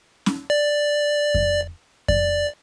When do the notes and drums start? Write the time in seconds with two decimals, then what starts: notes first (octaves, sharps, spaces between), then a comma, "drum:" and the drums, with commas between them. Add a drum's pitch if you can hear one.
0.26 drum: snare C#4
0.50 D5
1.34 drum: kick F2
2.08 D5, drum: kick F2